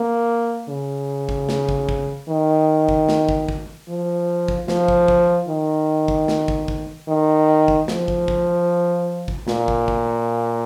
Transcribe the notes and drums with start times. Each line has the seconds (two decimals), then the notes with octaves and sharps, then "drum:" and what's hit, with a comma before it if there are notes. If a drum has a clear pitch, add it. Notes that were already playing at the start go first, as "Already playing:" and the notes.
Already playing: A#3
0.69 C#3
1.29 drum: kick
1.49 drum: snare
1.69 drum: kick
1.89 drum: kick
2.29 D#3
2.89 drum: kick
3.09 drum: snare
3.29 drum: kick
3.49 drum: kick
3.89 F3
4.48 drum: kick
4.68 F3, drum: snare
4.88 drum: kick
5.08 drum: kick
5.48 D#3
6.08 drum: kick
6.28 drum: snare
6.48 drum: kick
6.68 drum: kick
7.08 D#3
7.68 drum: kick
7.88 F3, drum: snare
8.08 drum: kick
8.28 drum: kick
9.28 drum: kick
9.48 A#2, drum: snare
9.68 drum: kick
9.88 drum: kick